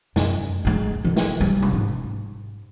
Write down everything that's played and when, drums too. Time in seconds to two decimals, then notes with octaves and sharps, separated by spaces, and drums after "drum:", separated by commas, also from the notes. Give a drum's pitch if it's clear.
0.16 F#2, drum: snare
0.65 G#3 A3
1.05 D3 D#3
1.16 drum: snare
1.41 G3
1.62 drum: tom
1.73 G#2